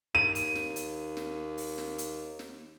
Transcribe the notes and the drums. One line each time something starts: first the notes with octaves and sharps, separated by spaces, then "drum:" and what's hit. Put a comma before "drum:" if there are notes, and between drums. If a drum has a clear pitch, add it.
D#2 D#7
drum: hi-hat
drum: snare
drum: hi-hat
drum: snare
drum: open hi-hat
drum: snare
drum: hi-hat
drum: snare